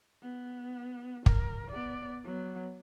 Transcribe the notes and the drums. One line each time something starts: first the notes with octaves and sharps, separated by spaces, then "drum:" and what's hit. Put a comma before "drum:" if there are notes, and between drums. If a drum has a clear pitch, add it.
B3
A#4, drum: kick
B3 D5
F#3 B3